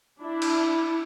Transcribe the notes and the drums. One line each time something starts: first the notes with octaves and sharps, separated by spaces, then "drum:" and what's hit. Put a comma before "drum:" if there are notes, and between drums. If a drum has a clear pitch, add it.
D4 E4
drum: cymbal